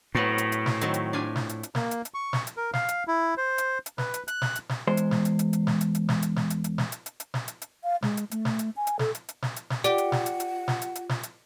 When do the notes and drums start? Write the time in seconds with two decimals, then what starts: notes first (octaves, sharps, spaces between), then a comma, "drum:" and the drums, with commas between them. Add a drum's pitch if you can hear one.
0.15 A2 F#3 B3 C4
0.38 drum: hi-hat
0.52 drum: hi-hat
0.66 drum: snare
0.81 D#3 F#3 C4, drum: hi-hat
0.94 drum: hi-hat
1.13 D4 F4 G#5
1.35 drum: snare
1.49 drum: hi-hat
1.63 drum: hi-hat
1.75 A#3, drum: snare
1.91 drum: hi-hat
2.05 drum: hi-hat
2.14 C#6
2.33 drum: snare
2.47 drum: hi-hat
2.57 A#4
2.73 F5, drum: snare
2.89 drum: hi-hat
3.07 E4
3.37 C5
3.58 drum: hi-hat
3.86 drum: hi-hat
3.98 B4, drum: snare
4.14 drum: hi-hat
4.28 F#6, drum: hi-hat
4.42 drum: snare
4.55 drum: hi-hat
4.69 drum: snare
4.87 E2 G#3 C5
4.97 drum: hi-hat
5.11 drum: snare
5.25 drum: hi-hat
5.39 drum: hi-hat
5.53 drum: hi-hat
5.67 drum: snare
5.81 drum: hi-hat
5.95 drum: hi-hat
6.09 drum: snare
6.22 drum: hi-hat
6.36 drum: snare
6.50 drum: hi-hat
6.64 drum: hi-hat
6.78 drum: snare
6.92 drum: hi-hat
7.06 drum: hi-hat
7.20 drum: hi-hat
7.34 drum: snare
7.48 drum: hi-hat
7.62 drum: hi-hat
7.84 F5
8.02 G#3, drum: snare
8.17 drum: hi-hat
8.31 A3, drum: hi-hat
8.45 drum: snare
8.59 drum: hi-hat
8.77 G#5
8.87 drum: hi-hat
8.99 A4, drum: snare
9.15 drum: hi-hat
9.29 drum: hi-hat
9.42 drum: snare
9.56 drum: hi-hat
9.70 drum: snare
9.84 F4 G4 D5 F#5, drum: hi-hat
9.98 drum: hi-hat
10.12 drum: snare
10.26 drum: hi-hat
10.40 drum: hi-hat
10.68 drum: snare
10.82 drum: hi-hat
10.95 drum: hi-hat
11.09 drum: snare
11.23 drum: hi-hat